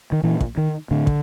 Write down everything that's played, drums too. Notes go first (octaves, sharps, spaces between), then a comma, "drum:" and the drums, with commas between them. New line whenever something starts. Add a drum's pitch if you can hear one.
D#3
A#2 E3
drum: kick
D#3
A2 D3
drum: kick